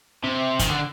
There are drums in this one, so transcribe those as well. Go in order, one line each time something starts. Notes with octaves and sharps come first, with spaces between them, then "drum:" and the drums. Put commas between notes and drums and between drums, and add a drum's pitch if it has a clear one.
C3
D#3, drum: kick, hi-hat
D3